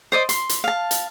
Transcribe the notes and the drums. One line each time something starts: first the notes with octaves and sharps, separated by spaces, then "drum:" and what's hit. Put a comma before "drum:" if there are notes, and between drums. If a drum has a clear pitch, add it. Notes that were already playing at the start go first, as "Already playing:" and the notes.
C5 D5 D#5
C6, drum: hi-hat
drum: hi-hat
F5 A5
drum: hi-hat